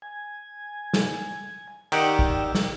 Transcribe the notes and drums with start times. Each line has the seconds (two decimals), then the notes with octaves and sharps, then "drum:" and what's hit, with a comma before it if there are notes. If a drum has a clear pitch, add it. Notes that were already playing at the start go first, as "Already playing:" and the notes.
0.02 G#5
0.94 drum: snare
1.92 D#3 G4 D5 F#5 G5 E6, drum: cymbal
2.19 drum: kick
2.55 drum: snare